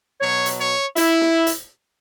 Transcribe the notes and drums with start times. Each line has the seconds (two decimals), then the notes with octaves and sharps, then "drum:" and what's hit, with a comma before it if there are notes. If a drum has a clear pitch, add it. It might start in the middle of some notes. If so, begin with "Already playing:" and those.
0.21 B2 F#3 C#5
0.46 drum: hi-hat
0.58 C#5
0.96 E4, drum: hi-hat
1.21 drum: snare
1.47 drum: hi-hat